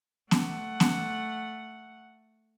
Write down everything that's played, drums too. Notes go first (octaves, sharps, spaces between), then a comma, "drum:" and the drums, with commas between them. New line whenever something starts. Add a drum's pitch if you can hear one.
A3 F#5, drum: snare B3
drum: snare B3